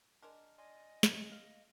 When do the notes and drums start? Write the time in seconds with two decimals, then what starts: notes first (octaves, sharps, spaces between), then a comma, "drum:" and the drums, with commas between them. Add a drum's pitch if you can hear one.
0.22 G#3 D4 A#4
0.58 D5 D#5 G#5 C6
1.03 drum: snare
1.32 F5